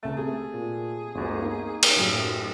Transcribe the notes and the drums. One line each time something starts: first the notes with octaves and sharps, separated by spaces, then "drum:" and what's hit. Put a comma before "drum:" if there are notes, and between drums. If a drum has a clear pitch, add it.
C#2 A3 A6
C3 A3 G#4
A#2
G1 D2
A#3 D#4
drum: cymbal
F#2 A2